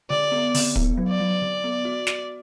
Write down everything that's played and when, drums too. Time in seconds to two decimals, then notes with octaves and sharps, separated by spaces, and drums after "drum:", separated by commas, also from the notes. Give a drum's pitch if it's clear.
0.10 D3 D5
0.32 B3
0.54 D3, drum: open hi-hat
0.76 B3, drum: kick
0.97 F#3
1.09 D5
1.20 F#3
1.42 D3
1.64 B3
1.85 F#4
2.07 F#4, drum: snare